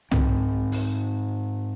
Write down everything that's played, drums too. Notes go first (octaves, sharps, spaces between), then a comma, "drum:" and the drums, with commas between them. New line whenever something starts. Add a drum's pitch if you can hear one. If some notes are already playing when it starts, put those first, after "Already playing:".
G#2 C4, drum: tom
drum: open hi-hat